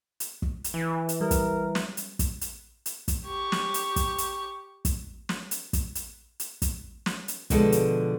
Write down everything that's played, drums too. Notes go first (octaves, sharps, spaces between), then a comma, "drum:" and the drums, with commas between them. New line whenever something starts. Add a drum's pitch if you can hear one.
drum: hi-hat
drum: kick
drum: hi-hat
E3
drum: hi-hat
G3 A#4
drum: kick, hi-hat
drum: snare
drum: hi-hat
drum: kick, hi-hat
drum: hi-hat
drum: hi-hat
drum: kick, hi-hat
G4 C#6
drum: snare
drum: hi-hat
drum: kick, hi-hat
drum: hi-hat
drum: kick, hi-hat
drum: snare
drum: hi-hat
drum: kick, hi-hat
drum: hi-hat
drum: hi-hat
drum: kick, hi-hat
drum: snare
drum: hi-hat
B2 D3 F3 G#3 A4, drum: kick, hi-hat
drum: hi-hat